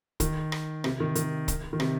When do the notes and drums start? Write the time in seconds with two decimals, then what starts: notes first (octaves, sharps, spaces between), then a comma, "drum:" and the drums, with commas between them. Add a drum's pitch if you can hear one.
0.20 D#3, drum: kick, hi-hat
0.52 drum: rim click
0.84 C3, drum: rim click
1.00 D#3
1.15 D#3, drum: hi-hat
1.48 drum: kick, hi-hat
1.73 D#3
1.80 C3, drum: rim click